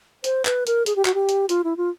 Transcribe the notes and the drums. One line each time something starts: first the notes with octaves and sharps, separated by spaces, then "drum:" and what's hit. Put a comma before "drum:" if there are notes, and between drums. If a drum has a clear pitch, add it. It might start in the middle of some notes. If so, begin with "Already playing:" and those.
C5, drum: hi-hat
B4, drum: clap
A#4, drum: hi-hat
G#4, drum: hi-hat
G4
F#4, drum: clap
G4
drum: hi-hat
F4, drum: hi-hat
E4
F4